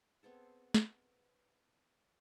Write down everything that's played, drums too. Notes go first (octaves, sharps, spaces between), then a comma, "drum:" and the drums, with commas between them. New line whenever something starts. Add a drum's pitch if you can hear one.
B3 C4 G#4 A4
drum: snare